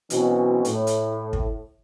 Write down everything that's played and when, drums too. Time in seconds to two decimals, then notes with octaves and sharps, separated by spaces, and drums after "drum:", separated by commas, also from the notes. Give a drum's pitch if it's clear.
0.10 B2 E3 F#3 C4 C#4, drum: hi-hat
0.65 A2, drum: hi-hat
0.87 drum: hi-hat
1.33 drum: kick